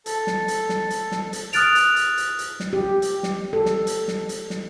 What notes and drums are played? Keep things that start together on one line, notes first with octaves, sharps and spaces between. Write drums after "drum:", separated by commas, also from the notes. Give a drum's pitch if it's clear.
A4, drum: hi-hat
drum: snare
drum: hi-hat
drum: snare
drum: hi-hat
drum: snare
drum: hi-hat
D#6 F6 F#6 A6 D7 F7, drum: hi-hat
drum: hi-hat
drum: hi-hat
drum: hi-hat
drum: hi-hat
drum: snare
G4
drum: hi-hat
drum: snare
A4
drum: snare
drum: hi-hat
drum: snare
drum: hi-hat
drum: snare